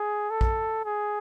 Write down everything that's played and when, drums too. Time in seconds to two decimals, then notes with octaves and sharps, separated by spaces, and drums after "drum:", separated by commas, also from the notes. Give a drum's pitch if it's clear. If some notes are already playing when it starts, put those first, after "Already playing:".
Already playing: G#4
0.31 A4
0.41 drum: kick A#1
0.85 G#4